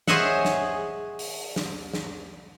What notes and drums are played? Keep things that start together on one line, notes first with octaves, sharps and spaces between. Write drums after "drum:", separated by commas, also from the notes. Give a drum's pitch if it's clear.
G#4 C5 C#5 D#5 E5 F#5, drum: snare
drum: snare
drum: open hi-hat
drum: snare
drum: snare